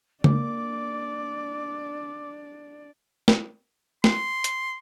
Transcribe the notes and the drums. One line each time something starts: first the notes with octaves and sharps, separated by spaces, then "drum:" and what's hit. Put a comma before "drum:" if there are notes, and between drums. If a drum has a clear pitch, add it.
A#3 D4 D5 D6, drum: tom C#3
drum: snare
C6, drum: snare
drum: hi-hat